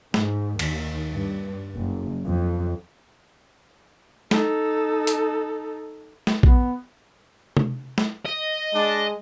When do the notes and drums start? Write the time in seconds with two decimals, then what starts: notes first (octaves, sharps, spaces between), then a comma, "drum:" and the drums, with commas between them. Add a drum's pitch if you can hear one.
0.14 G#2, drum: snare
0.59 D#2, drum: cymbal
1.12 G2
1.75 F#1
2.27 F2
4.31 D#4 A4, drum: snare
5.07 drum: hi-hat
6.27 drum: snare
6.43 B3, drum: kick A#1
7.57 drum: tom C3
7.98 drum: snare
8.25 D#5
8.75 G#3 D4 A5